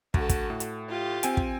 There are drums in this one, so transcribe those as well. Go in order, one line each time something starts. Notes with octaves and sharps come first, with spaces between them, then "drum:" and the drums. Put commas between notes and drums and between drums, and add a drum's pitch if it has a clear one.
D2 F#4 A4, drum: kick
drum: kick, hi-hat
A2
drum: hi-hat
F4 G4
C4 G#5 D7, drum: hi-hat
drum: kick